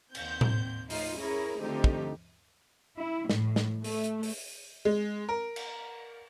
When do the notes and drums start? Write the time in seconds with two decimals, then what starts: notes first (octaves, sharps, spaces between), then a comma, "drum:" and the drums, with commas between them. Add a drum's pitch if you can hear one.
0.15 D#2 C4 G6, drum: cymbal
0.41 drum: tom A2
0.90 A2 F3 D#4 F4 C7, drum: open hi-hat
1.18 C#4 E4 G#4 A#4 C#5
1.61 D3 F3 A3 C4 D#4 G4
1.84 drum: kick
2.98 E4
3.29 A2, drum: snare
3.56 drum: snare
3.84 A3, drum: open hi-hat
4.04 drum: hi-hat
4.23 drum: open hi-hat
4.85 G#3
5.29 A#4
5.56 drum: cymbal